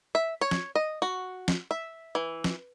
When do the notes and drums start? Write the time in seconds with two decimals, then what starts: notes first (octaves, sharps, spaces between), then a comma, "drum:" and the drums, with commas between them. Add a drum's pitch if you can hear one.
0.15 E5
0.41 C#5
0.51 drum: snare
0.76 D#5
1.02 F#4
1.48 drum: snare
1.71 E5
2.15 E3
2.44 drum: snare